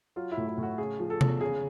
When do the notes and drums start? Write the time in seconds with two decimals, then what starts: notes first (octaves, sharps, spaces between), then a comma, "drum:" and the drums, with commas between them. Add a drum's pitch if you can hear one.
0.16 F#3 F4
0.32 E4
0.37 A2
0.48 E4
0.58 A2
0.63 F#4
0.78 C#3 G#4
0.99 F3
1.10 A4
1.21 E2, drum: tom C3
1.41 C#3 G#4